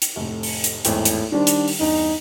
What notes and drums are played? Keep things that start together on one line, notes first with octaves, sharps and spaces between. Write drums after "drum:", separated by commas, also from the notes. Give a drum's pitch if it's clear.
drum: hi-hat
F1 A2
drum: open hi-hat
drum: hi-hat
G#1 E2 A2 G5, drum: hi-hat
drum: hi-hat
D#3 G3 D4 C5
drum: hi-hat
drum: open hi-hat
E2 G2 D#4